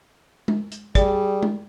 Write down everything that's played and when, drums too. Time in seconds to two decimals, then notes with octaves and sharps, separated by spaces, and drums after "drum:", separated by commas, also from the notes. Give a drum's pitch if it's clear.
0.48 drum: tom G#3
0.72 drum: hi-hat
0.95 G3 G#4 D5, drum: kick, hi-hat
1.43 drum: tom G#3